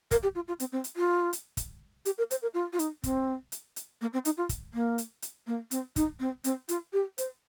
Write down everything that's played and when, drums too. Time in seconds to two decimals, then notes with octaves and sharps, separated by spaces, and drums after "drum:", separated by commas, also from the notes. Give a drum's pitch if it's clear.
0.11 A#4, drum: kick, hi-hat
0.23 G4
0.35 F4
0.48 F4
0.60 C4, drum: hi-hat
0.72 C4
0.84 drum: hi-hat
0.96 F4
1.33 drum: hi-hat
1.57 drum: kick, hi-hat
2.05 G4, drum: hi-hat
2.18 A#4
2.31 C5, drum: hi-hat
2.42 A#4
2.54 F4
2.73 F4
2.79 D#4, drum: hi-hat
3.04 C4, drum: kick, hi-hat
3.52 drum: hi-hat
3.76 drum: hi-hat
4.01 A#3
4.13 C4
4.25 D#4, drum: hi-hat
4.37 F4
4.49 drum: kick, hi-hat
4.74 A#3
4.98 drum: hi-hat
5.22 drum: hi-hat
5.47 A#3
5.71 C4, drum: hi-hat
5.96 D#4, drum: kick, hi-hat
6.20 C4
6.44 C4, drum: hi-hat
6.69 F4, drum: hi-hat
6.93 G4
7.18 C5, drum: hi-hat